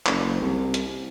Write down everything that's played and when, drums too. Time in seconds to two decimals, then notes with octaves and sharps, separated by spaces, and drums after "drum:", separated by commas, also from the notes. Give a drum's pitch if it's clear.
0.06 F#1, drum: clap
0.40 C2
0.74 drum: hi-hat